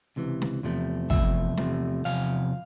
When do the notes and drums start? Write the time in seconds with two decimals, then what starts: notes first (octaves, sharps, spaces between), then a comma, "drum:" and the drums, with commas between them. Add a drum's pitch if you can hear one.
0.16 C#2 C3 E3
0.42 drum: snare
0.63 E2 C3 F3 A3
1.10 E2 C3 F3 A3 E5, drum: kick
1.57 E2 C3 F3 A3, drum: snare
2.04 E2 C3 F3 F5